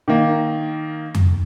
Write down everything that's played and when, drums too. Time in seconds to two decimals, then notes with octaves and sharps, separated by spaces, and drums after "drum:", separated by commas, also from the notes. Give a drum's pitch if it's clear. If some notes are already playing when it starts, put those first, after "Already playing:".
0.08 D#3 A#3
1.15 drum: tom F2